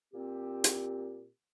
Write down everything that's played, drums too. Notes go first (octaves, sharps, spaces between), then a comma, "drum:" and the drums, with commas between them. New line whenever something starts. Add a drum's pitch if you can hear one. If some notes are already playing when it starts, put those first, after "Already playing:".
A#2 C4 G4
drum: hi-hat